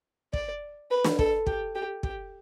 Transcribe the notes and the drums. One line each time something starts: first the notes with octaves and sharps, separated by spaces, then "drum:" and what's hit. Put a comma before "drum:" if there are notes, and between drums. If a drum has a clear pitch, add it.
D5, drum: kick
B4
drum: snare
A4, drum: kick
G4, drum: kick
G4
G4, drum: kick